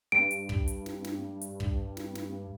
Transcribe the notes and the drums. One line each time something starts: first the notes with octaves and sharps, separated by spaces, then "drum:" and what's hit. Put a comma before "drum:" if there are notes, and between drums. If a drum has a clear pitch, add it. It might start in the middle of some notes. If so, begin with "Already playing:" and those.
G2 D7
drum: hi-hat
drum: kick
drum: hi-hat
drum: snare
drum: snare
drum: hi-hat
drum: kick
drum: snare
drum: snare